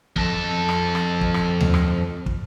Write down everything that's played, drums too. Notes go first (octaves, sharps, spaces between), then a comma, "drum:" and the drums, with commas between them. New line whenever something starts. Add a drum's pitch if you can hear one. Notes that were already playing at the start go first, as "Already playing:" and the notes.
F2 A4, drum: kick
drum: rim click
drum: rim click
drum: kick
drum: rim click
drum: tom D#2
drum: rim click
drum: kick